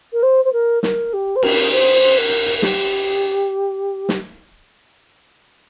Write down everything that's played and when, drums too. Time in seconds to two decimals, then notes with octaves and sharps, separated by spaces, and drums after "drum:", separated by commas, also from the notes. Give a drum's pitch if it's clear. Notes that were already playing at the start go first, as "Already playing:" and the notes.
0.13 A#4
0.23 C5
0.45 C5
0.53 A#4
0.83 A#4, drum: snare
1.13 G4
1.36 C5
1.43 A#4, drum: cymbal
1.73 C5
2.18 A#4
2.29 drum: hi-hat
2.46 drum: hi-hat
2.58 A#4
2.62 G4, drum: snare
4.09 drum: snare